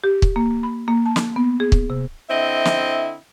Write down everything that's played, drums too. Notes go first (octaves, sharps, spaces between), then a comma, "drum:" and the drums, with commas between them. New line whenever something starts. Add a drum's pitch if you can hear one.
G4
drum: kick
A#3
B5
A#3
A5
drum: snare
B3
G#4
drum: kick
C3
D3 C4 E4 D#5 E5
drum: snare